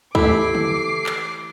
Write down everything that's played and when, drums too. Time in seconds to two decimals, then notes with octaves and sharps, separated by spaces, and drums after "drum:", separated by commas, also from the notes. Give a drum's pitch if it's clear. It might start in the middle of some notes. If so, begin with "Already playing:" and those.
0.15 E3 A3 E4 G4 A4 D6 C7, drum: kick
0.55 drum: tom C#3
1.06 drum: clap